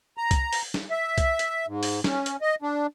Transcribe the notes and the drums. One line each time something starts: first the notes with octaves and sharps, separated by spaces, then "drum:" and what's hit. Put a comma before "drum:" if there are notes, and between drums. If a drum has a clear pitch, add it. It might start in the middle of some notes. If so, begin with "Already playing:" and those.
A#5
drum: kick C2, hi-hat
drum: open hi-hat
drum: snare
E5
drum: kick C2, hi-hat
drum: hi-hat
G#2
drum: open hi-hat
C#4, drum: snare
drum: hi-hat
D#5
D4